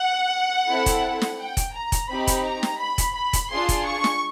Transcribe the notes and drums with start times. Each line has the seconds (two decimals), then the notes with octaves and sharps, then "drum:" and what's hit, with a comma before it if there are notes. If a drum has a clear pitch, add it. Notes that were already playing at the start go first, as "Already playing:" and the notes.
Already playing: F#5
0.69 C4 E4 A4
0.86 drum: kick, hi-hat
1.22 drum: snare
1.39 G5
1.57 drum: kick, hi-hat
1.75 A#5
1.92 drum: kick, hi-hat
2.09 C4 D#4 G4 B5
2.27 drum: kick, hi-hat
2.45 A#5
2.63 drum: snare
2.80 B5
2.98 drum: kick, hi-hat
3.15 B5
3.33 drum: kick, hi-hat
3.51 D4 F4 G#4 C6
3.69 drum: kick, hi-hat
3.86 C#6
4.04 drum: snare